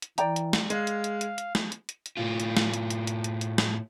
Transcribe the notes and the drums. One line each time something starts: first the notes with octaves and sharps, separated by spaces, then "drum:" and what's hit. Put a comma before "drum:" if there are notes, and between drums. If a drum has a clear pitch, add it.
drum: hi-hat
E3 D5 G5 A#5, drum: hi-hat
drum: hi-hat
drum: snare
G#3 F5, drum: hi-hat
drum: hi-hat
drum: hi-hat
drum: hi-hat
drum: hi-hat
drum: snare
drum: hi-hat
drum: hi-hat
drum: hi-hat
A2 F4
drum: hi-hat
drum: snare
drum: hi-hat
drum: hi-hat
drum: hi-hat
drum: hi-hat
drum: hi-hat
drum: snare